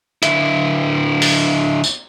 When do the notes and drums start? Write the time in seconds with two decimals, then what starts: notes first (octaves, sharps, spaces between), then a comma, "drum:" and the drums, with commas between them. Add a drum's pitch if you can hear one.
0.23 D3 E4, drum: hi-hat
1.22 drum: open hi-hat
1.84 drum: tambourine